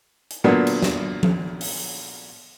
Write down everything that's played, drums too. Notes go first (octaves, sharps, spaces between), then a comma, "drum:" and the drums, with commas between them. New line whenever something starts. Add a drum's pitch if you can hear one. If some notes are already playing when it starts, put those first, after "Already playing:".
drum: hi-hat
A#2 D3 F#3 A#3 B3
drum: cymbal
drum: snare
drum: tom F3
drum: open hi-hat